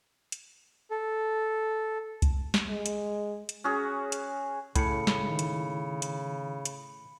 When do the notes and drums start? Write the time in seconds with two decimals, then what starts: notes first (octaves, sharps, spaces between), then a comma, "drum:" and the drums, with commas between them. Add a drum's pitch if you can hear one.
0.32 drum: hi-hat
0.91 A4
2.22 drum: kick C2, hi-hat
2.54 drum: snare
2.69 G#3
2.86 drum: hi-hat
3.49 drum: hi-hat
3.64 C#4 F#4 G#4
4.12 drum: hi-hat
4.76 A2 C#3 B5 C#7, drum: kick C2, hi-hat
5.07 drum: snare
5.27 D#3 E4
5.39 drum: hi-hat
6.02 drum: hi-hat
6.65 drum: hi-hat